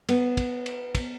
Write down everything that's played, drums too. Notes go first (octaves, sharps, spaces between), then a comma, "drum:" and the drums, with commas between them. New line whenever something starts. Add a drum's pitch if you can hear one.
B3, drum: cymbal
drum: kick, cymbal
drum: cymbal
drum: kick, cymbal